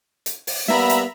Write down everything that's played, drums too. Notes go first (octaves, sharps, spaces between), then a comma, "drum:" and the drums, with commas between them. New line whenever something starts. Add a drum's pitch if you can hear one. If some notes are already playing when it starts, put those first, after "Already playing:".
drum: hi-hat
drum: open hi-hat
G3 A#3 B3 E5 A#5 B5, drum: snare
drum: hi-hat